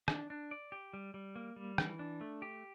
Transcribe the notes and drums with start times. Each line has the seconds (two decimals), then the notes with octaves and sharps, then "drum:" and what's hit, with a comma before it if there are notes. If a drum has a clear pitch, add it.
0.08 D4, drum: rim click
0.30 D4
0.51 D5
0.72 G4
0.93 G3
1.14 G3
1.36 A#3
1.56 G3
1.78 E3, drum: rim click
1.99 D4
2.21 A3
2.42 G4